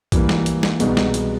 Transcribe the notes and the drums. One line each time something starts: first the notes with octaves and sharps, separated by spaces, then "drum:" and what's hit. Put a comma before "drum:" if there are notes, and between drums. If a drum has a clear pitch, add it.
E3 G3 A#3, drum: kick A#1, hi-hat
drum: snare
drum: hi-hat
drum: snare
C2 B2 G#3 B3 D#4, drum: hi-hat
drum: snare
drum: hi-hat